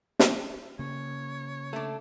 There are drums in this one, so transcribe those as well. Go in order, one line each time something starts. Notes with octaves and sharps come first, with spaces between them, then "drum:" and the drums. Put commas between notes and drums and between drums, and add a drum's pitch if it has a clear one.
drum: snare
C#3 A#3 C#5
A3 D4